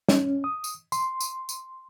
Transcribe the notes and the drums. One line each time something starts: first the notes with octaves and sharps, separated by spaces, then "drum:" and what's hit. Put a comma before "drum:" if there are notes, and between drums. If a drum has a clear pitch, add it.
C#4, drum: snare
D#6
drum: tambourine
C6, drum: tambourine
drum: tambourine
drum: tambourine